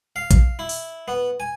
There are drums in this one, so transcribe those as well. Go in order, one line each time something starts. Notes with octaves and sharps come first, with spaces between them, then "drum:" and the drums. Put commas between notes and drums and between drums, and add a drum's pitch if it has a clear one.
F5
drum: kick A#1, hi-hat
E4
drum: open hi-hat
B3
G#5